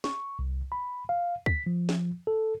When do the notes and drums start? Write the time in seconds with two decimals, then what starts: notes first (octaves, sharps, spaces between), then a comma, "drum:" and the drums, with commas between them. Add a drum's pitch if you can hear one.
0.04 C#6, drum: snare
0.39 C2
0.72 B5
1.09 F5
1.46 B6, drum: kick D2
1.67 F3
1.89 drum: snare
2.27 A4